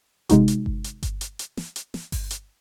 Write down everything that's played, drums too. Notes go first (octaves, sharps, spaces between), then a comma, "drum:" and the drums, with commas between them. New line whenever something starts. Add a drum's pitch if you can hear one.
C3 G#3 D#4 F#4, drum: kick G1, hi-hat
drum: hi-hat
drum: kick G1
drum: hi-hat
drum: kick G1, hi-hat
drum: hi-hat
drum: hi-hat
drum: snare
drum: hi-hat
drum: snare
drum: kick G1, open hi-hat
drum: hi-hat